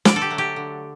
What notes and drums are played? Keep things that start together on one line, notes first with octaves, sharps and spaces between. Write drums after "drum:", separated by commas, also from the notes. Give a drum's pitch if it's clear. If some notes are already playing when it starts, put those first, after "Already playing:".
D3 D5, drum: snare
A4
G4
F#3 A3
G4
D3